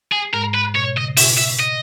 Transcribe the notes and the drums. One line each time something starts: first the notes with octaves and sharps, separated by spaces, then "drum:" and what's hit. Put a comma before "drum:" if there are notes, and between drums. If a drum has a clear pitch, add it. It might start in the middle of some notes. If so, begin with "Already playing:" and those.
G#4
G#2 G#3 A#4
B4
B2 C#5
C#3 D#5
B2 E5, drum: open hi-hat
E5
D#5